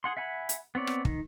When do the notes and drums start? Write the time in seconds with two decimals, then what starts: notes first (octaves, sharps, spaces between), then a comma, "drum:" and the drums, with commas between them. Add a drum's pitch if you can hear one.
0.04 G#4 F#5 C6
0.17 E5 F#5 G#5 B5
0.49 drum: hi-hat
0.75 B3 C4 C#5 D5
0.87 drum: rim click
1.05 D#3, drum: kick